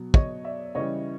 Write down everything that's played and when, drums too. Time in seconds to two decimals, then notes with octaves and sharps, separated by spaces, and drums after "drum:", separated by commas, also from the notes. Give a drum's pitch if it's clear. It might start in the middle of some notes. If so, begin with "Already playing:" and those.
Already playing: B2 F#3
0.14 C#5 D#5, drum: kick
0.44 D5 E5
0.75 C#3 E3 G3 C#5 D#5